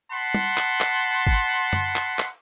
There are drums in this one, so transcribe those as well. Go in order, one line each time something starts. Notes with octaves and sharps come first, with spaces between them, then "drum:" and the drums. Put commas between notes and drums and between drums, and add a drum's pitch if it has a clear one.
F#5 A5 B5 C6
drum: tom
drum: clap
drum: clap
drum: kick G#1
drum: tom F#2
drum: clap
drum: clap